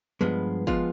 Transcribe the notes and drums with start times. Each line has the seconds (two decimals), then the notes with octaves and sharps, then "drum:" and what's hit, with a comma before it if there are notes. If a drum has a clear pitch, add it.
0.21 G2 F3 G#3 B3
0.67 F3 G#3 B3 F4, drum: kick